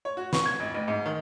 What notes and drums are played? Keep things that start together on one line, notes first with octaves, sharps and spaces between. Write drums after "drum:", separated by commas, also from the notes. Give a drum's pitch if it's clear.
C#5
F#4
C#6, drum: snare
G#6
G#1
A1
G#2
D#3